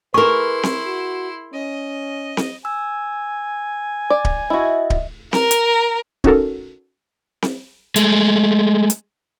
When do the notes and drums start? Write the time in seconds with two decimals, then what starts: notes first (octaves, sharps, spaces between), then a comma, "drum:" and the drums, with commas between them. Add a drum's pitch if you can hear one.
0.14 E4 G#4 A#4 B4 C6 C#6
0.63 drum: snare C4
0.86 F#4
1.53 C#4 D#5
2.37 drum: snare C4
2.65 G#5 E6
4.10 D5
4.25 drum: kick D1
4.50 E4 F#4 D#5 E5
4.90 drum: kick D1
5.33 A#4, drum: snare C4
5.51 drum: hi-hat
6.24 C#4 D#4 F#4 A4 A#4, drum: kick D1
7.42 drum: snare C4
7.96 G#3 A3, drum: hi-hat
8.90 drum: hi-hat